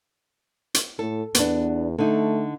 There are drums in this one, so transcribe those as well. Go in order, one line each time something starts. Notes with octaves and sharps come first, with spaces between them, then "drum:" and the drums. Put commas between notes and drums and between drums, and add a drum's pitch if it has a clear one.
drum: hi-hat
A2 A4
E2 B3 D4, drum: hi-hat
D3 A3 D#4